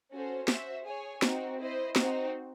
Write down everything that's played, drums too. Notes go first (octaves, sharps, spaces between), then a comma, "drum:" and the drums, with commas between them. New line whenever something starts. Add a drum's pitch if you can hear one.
C#4 F#4 A4 C5
F#4 C5 E5, drum: snare
G#4 C#5 G#5
C4 D#4 F#4, drum: snare
E4 C5 D#5
C4 D#4 F#4 C5, drum: snare